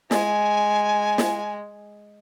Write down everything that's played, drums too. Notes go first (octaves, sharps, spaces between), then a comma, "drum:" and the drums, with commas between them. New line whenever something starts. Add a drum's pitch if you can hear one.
G#3 G#5, drum: snare
drum: snare